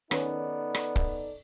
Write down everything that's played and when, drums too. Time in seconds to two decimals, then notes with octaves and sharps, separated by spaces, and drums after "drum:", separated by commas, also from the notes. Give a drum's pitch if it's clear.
0.11 D#3 B3 C#4 D#4 A4 B4 D5, drum: rim click
0.74 drum: rim click
0.96 drum: kick